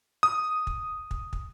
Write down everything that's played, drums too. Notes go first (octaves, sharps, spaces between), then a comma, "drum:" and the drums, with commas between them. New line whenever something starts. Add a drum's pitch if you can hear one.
D#6
drum: kick
drum: kick
drum: kick